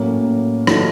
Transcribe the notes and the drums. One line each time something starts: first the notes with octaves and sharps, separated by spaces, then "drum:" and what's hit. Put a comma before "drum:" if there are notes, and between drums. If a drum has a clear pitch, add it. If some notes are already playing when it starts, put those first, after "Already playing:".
Already playing: A2 F#3 A#3 C#4
D#3 F#3 A3 D4 F4, drum: rim click